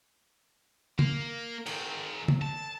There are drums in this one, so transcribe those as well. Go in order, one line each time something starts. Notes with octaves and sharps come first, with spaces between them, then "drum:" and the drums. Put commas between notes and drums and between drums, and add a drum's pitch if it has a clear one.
A#3, drum: tom
G#2 D#3, drum: cymbal
drum: tom
A5